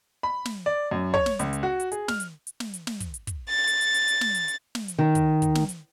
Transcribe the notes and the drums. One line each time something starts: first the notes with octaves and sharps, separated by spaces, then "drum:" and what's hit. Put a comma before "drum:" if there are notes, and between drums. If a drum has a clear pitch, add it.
B5
drum: snare
D5
F#2
C#5, drum: kick
drum: snare
C#2, drum: hi-hat
drum: hi-hat
F#4
drum: hi-hat
G#4, drum: hi-hat
F6, drum: snare
drum: hi-hat
drum: hi-hat
drum: snare
drum: hi-hat
drum: snare
drum: kick, hi-hat
drum: hi-hat
drum: kick, hi-hat
A6
drum: hi-hat
drum: hi-hat
drum: hi-hat
drum: hi-hat
drum: snare
drum: hi-hat
drum: hi-hat
drum: snare
drum: hi-hat
D#3
drum: kick, hi-hat
drum: kick, hi-hat
drum: snare
drum: hi-hat